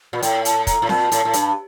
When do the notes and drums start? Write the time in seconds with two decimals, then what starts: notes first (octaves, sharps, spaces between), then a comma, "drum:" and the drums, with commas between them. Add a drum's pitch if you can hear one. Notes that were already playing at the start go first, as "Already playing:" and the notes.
0.13 A#2
0.22 A2 G5, drum: hi-hat
0.45 A5, drum: hi-hat
0.67 A#5, drum: kick, hi-hat
0.82 A2
0.89 A#2 A5, drum: snare C4
1.12 A2, drum: hi-hat
1.25 A2
1.33 G2, drum: hi-hat